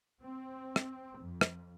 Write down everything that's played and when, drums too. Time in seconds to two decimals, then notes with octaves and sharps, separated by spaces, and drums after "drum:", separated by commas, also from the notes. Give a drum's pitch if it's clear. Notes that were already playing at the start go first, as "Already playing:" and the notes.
0.24 C4
0.76 drum: rim click
1.20 F2
1.41 drum: rim click